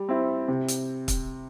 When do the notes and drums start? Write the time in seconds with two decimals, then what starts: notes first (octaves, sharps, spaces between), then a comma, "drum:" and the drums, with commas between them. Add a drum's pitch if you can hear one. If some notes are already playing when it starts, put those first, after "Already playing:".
Already playing: G3
0.09 C4 E4
0.48 C3
0.68 drum: hi-hat
1.08 drum: kick, hi-hat